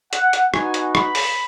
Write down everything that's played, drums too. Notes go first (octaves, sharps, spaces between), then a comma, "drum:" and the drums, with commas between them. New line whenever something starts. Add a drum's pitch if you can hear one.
F#5, drum: hi-hat
drum: hi-hat
B3 D#4 F#4 G#5, drum: rim click
drum: hi-hat
B5, drum: rim click
drum: open hi-hat